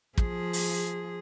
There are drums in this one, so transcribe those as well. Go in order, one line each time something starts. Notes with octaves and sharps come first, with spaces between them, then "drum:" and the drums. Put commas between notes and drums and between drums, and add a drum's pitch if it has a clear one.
F3 G#4, drum: kick
drum: open hi-hat